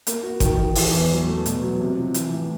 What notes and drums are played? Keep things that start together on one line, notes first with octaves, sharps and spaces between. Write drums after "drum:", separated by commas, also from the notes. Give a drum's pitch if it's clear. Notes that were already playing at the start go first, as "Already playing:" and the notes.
A#3, drum: hi-hat
F#4
D#3, drum: kick G1, hi-hat
D#3
E3, drum: open hi-hat
E2
F#3
A3
B2, drum: hi-hat
F#3
C3
F3
E3, drum: hi-hat
A2